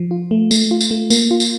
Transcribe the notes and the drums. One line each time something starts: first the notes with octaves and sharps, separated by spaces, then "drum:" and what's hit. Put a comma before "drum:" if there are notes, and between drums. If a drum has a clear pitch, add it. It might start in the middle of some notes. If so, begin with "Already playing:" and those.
Already playing: F3
F4
A3
A3, drum: tambourine
F4
drum: tambourine
A3
A#3, drum: tambourine
F4
drum: tambourine